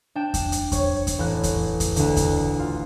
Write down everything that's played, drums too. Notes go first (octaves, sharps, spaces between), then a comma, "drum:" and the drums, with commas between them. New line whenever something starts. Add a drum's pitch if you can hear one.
D4 G5 E7
drum: kick E2, hi-hat
drum: hi-hat
C#5 C#6, drum: kick E2, hi-hat
drum: kick E2, hi-hat
A1 F#6
drum: kick E2, hi-hat
drum: kick E2, hi-hat
D2 D3, drum: hi-hat
drum: kick E2, hi-hat
F4